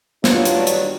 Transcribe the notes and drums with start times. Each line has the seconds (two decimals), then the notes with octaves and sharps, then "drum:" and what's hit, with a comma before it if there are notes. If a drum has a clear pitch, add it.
0.24 G2 D#3 F#3 D4 F4, drum: snare
0.45 drum: hi-hat
0.67 drum: hi-hat